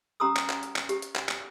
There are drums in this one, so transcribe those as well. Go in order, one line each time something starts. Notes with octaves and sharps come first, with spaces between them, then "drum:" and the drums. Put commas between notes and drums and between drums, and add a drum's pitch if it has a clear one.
C#4 G4 A#5 C6 D#6 E6
drum: clap
drum: clap
drum: hi-hat
drum: clap
G4, drum: hi-hat
drum: hi-hat
drum: clap
drum: clap